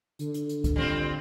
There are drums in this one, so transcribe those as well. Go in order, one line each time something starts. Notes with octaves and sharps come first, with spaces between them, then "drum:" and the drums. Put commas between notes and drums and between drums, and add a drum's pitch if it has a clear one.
D3, drum: hi-hat
drum: hi-hat
drum: hi-hat
drum: kick, hi-hat
G3 C4 F4